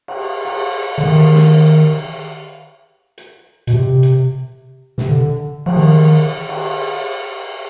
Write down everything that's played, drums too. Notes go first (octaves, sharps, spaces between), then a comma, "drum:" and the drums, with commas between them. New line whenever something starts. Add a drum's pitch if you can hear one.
drum: cymbal
drum: cymbal
D3
D#3, drum: cymbal
drum: snare
drum: hi-hat
B2, drum: hi-hat
C3
drum: hi-hat
C3, drum: snare
D3
F3, drum: cymbal
D#3
drum: cymbal